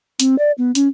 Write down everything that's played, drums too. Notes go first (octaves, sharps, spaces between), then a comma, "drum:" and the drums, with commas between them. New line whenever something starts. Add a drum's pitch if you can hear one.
C4, drum: hi-hat
D5
B3
C#4, drum: hi-hat